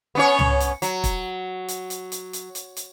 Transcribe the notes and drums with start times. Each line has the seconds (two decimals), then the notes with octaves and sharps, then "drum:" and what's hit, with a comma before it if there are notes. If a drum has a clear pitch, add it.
0.15 B3 C#4 C#5
0.39 drum: tom C#2
0.60 drum: hi-hat
0.82 F#3, drum: hi-hat
1.04 drum: kick, hi-hat
1.68 drum: hi-hat
1.90 drum: hi-hat
2.12 drum: hi-hat
2.33 drum: hi-hat
2.55 drum: hi-hat
2.76 drum: hi-hat